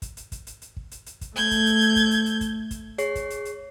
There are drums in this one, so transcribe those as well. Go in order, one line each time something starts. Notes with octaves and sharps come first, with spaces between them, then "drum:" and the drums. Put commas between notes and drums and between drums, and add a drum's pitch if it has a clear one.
drum: kick, hi-hat
drum: hi-hat
drum: kick, hi-hat
drum: hi-hat
drum: hi-hat
drum: kick
drum: hi-hat
drum: hi-hat
drum: kick, hi-hat
A3 G6 G#6, drum: hi-hat
drum: kick, hi-hat
drum: hi-hat
drum: hi-hat
drum: kick, hi-hat
drum: hi-hat
drum: hi-hat
drum: kick, hi-hat
drum: kick, hi-hat
G#4 C#5 C7, drum: hi-hat
drum: kick, hi-hat
drum: hi-hat
drum: hi-hat